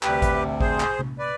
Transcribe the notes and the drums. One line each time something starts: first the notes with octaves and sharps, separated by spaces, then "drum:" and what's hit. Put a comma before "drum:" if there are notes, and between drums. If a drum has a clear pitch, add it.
D2 C3 G3 G4 B4, drum: clap
drum: kick G#1, hi-hat
G#4 C5, drum: kick G#1
drum: clap
drum: tom C3
B4 D5